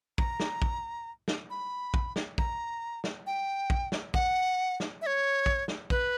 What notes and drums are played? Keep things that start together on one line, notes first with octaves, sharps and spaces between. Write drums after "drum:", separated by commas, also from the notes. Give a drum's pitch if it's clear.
A#5, drum: kick
drum: snare
drum: kick
drum: snare
B5
drum: kick
drum: snare
A#5, drum: kick
drum: snare
G5
drum: kick
drum: snare
F#5, drum: kick
drum: snare
E5
C#5
drum: kick
drum: snare
B4, drum: kick